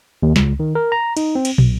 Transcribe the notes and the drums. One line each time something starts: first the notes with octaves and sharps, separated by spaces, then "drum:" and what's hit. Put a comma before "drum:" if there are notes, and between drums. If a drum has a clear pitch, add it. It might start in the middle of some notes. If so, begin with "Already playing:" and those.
D#2
C#2, drum: snare
D#3
A#4
A#5
D#4, drum: cymbal
C4
drum: cymbal
B1, drum: tom